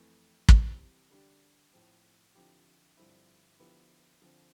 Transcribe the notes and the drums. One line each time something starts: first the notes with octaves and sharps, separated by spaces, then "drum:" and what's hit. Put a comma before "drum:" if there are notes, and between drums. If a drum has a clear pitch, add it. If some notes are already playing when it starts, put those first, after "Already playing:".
Already playing: F2 E3 A3
C3 E3 G3 C4, drum: kick
D3 G3 D4 G4
A2 F3 C4
D3 F3 C4 E4 G4
G2 D3 F3 C4 E4
D3 F3 B3 E4 G4
D3 F3 C4